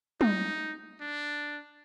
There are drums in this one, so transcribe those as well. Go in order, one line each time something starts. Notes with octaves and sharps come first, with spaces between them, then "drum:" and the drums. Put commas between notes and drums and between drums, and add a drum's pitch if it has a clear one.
D#4, drum: tom
D4